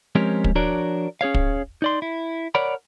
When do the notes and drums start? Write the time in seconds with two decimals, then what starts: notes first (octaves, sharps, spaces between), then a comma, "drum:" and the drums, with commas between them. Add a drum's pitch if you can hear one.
0.15 F3 G#3 C4 C#4 G4 A#4
0.44 drum: kick
0.55 F3 D4 F#4 A#4 C#5 D5
1.21 C#4 G#4 C#5 F5
1.34 drum: kick
1.82 D#4 D5 C6
2.02 E4
2.55 A#4 C#5 D5 F#5 B5